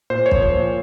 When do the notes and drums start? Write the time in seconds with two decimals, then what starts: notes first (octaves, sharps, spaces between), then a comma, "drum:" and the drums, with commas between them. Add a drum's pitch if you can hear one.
0.10 A#2 C5
0.26 C#5
0.31 F3, drum: kick
0.42 C5
0.53 A#2